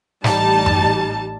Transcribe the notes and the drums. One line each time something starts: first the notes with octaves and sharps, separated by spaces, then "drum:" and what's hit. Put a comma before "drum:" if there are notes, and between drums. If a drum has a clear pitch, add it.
A1 G3 D#4 A5, drum: snare
drum: tom F#2